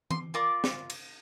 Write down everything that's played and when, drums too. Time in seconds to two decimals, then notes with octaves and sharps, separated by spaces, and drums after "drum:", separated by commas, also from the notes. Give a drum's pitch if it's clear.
0.11 C6, drum: tom E3
0.34 F4 A#4 D5 D6
0.64 drum: snare
0.90 drum: cymbal